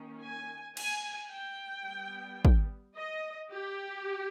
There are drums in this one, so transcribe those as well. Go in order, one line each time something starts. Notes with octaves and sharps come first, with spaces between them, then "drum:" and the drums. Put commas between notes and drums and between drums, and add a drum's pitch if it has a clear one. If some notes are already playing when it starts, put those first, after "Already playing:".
Already playing: D#3 A#3 C#4
G#5
G#5, drum: cymbal
G5
G3 B3
drum: kick
D#5
G4